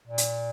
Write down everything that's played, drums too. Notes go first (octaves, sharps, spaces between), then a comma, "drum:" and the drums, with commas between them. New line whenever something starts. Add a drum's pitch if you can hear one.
A#2
drum: hi-hat